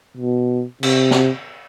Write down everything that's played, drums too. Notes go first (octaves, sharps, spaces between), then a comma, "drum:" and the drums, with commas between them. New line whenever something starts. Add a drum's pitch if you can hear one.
B2
C3, drum: cymbal
drum: snare